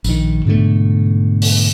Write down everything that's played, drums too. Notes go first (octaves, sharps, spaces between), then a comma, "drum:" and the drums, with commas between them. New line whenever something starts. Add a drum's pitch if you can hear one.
A#1 D#3, drum: tambourine
G#2 B2 D3 A3
drum: open hi-hat